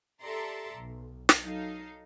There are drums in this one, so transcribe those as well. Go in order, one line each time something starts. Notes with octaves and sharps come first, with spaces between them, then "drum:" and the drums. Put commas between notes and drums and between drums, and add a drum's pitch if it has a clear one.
G4 A4 D5 E5 A#5 C6
B1
drum: snare
F#3 D#4 A4 F5